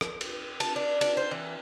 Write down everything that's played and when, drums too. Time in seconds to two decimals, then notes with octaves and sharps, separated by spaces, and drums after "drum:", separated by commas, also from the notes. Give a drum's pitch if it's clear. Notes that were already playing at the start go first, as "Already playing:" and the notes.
0.01 drum: rim click
0.21 drum: cymbal
0.60 A5, drum: cymbal
0.76 D4
1.01 D4, drum: cymbal
1.17 C5
1.31 E3